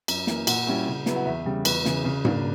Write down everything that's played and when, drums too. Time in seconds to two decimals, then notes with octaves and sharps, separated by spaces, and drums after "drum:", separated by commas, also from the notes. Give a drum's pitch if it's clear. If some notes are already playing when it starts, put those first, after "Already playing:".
0.08 F#2, drum: cymbal
0.27 E3 A#3, drum: snare
0.47 A#2 F#5, drum: cymbal
0.67 G3 C#4 E4
0.86 C#3
1.06 F#3 B3 E4, drum: snare
1.16 F#5
1.26 E2 E5
1.46 C#3 G3
1.65 E2 B4, drum: cymbal
1.85 C#3 E3, drum: snare
2.05 C#3
2.25 F#3 A#3 D4, drum: tom G#2